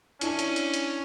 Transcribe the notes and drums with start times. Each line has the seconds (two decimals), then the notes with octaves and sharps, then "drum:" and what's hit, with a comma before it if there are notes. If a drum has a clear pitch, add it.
0.21 C#4 D4 E4, drum: hi-hat
0.39 drum: hi-hat
0.56 drum: hi-hat
0.74 drum: hi-hat